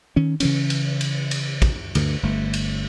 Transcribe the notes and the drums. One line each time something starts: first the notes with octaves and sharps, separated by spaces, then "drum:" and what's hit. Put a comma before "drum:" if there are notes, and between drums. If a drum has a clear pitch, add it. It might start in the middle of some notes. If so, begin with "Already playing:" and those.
D#3 C#4
C#3 E3 C#4, drum: cymbal
drum: cymbal
drum: cymbal
drum: cymbal
drum: kick, cymbal
D2 G2 D3, drum: cymbal
G1 A3
drum: cymbal